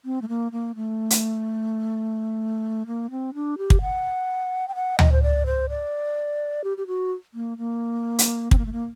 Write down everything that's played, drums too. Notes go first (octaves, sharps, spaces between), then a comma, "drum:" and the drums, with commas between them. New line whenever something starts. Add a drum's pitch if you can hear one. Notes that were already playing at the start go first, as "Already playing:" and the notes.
C4
A3
A#3
A#3
A3
drum: hi-hat
A#3
C4
D4
G4
drum: kick
F#5
G5
F#5
D#5, drum: tom D2
C5
D5
C5
D5
G4
G4
F#4
A#3
A#3
drum: hi-hat
C4, drum: kick
A#3
A3
A#3